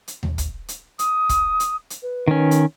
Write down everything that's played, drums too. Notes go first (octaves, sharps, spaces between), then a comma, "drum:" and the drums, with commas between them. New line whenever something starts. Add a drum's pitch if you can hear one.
drum: hi-hat
drum: tom D#2
drum: kick, hi-hat
drum: hi-hat
D#6, drum: hi-hat
drum: kick, hi-hat
drum: hi-hat
drum: hi-hat
B4
D#3 C#4
drum: hi-hat